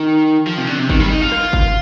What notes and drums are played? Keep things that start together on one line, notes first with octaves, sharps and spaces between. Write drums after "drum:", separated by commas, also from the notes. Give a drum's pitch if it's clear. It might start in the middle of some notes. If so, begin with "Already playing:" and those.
Already playing: D#3
F3
C3
D3
C3
D#3, drum: kick G1
G3
D#4
F4
drum: rim click
drum: kick G1